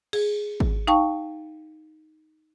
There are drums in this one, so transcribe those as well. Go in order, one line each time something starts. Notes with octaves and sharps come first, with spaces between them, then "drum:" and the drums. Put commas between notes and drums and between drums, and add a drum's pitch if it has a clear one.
G#4, drum: cymbal
drum: kick G#1
D#4 F5 G5 A5 C#6